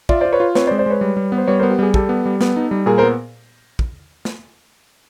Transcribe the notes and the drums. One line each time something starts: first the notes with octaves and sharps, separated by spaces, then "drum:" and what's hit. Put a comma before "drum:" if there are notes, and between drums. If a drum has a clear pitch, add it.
F4 D5 E5, drum: kick
F4 C5 D5
B4 C#5
F4
C4 B4 C#5, drum: snare
C5 D5
G#3
C5 D5
G#3 B4 C#5
G3
G3
B3
C5
G3 B4 C#5
B3 A#4 C5
G4
G3 G#4
G3 G4 A4, drum: kick
B3
G3
B3, drum: snare
D#4
G3
A#2 G#4 A#4
A#4 C5
B3
drum: kick
drum: snare